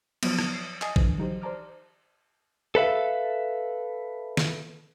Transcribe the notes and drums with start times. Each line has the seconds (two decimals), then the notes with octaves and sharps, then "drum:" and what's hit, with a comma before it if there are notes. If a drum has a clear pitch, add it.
0.23 F3 F#3 B3, drum: cymbal
0.39 drum: rim click
0.52 C#5 C7 D7
0.82 D#5 G#5 A5 D#6 A6 C7, drum: clap
0.96 D3 E3 F3, drum: kick A#1
1.18 F#3 D#4 G4 C5
1.42 C5 D5 A5 A#5 D6 F6
2.75 A4 B4 E5 F5
4.37 drum: snare